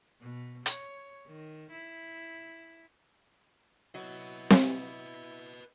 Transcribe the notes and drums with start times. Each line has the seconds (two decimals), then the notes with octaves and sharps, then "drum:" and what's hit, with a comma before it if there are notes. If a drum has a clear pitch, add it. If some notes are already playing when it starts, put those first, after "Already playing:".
0.20 B2
0.66 C#5, drum: hi-hat
1.26 D#3
1.71 E4
3.95 F#3 E4 B4 D#5
4.51 drum: snare C4